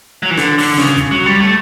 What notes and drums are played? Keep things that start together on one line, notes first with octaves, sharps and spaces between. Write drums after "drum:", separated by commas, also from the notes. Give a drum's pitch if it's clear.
F#3
E3
D3, drum: snare
D3, drum: open hi-hat
C#3, drum: snare
drum: kick, hi-hat
F#3
G3
A3